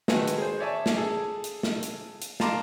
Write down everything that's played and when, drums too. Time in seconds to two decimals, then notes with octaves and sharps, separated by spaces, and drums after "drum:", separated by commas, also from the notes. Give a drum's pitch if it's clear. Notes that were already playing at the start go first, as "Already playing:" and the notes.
0.08 D#3 G#3 B3 F#4 G#4 A4, drum: snare
0.28 drum: hi-hat
0.38 G#4 C5
0.60 C#5 D5 E5 G#5 A5 C#6
0.86 drum: snare
0.97 G#4 A4
1.44 drum: hi-hat
1.63 drum: snare
1.83 drum: hi-hat
2.22 drum: hi-hat
2.40 F5 A5 A#5 C6 D6, drum: snare